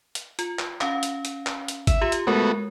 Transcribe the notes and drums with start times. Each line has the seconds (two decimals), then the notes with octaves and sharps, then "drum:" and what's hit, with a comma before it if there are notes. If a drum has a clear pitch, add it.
0.15 drum: hi-hat
0.39 F4, drum: hi-hat
0.59 drum: clap
0.81 C#4 F5, drum: clap
1.03 drum: hi-hat
1.25 drum: hi-hat
1.47 drum: clap
1.68 drum: hi-hat
1.87 E5, drum: kick G#1, hi-hat
2.01 F4 G4
2.12 drum: hi-hat
2.27 G#3 A3 B3 F#4 A#4